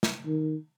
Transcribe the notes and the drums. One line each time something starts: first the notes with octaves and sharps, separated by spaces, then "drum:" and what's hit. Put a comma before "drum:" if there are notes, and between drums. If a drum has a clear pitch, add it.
drum: snare
D#3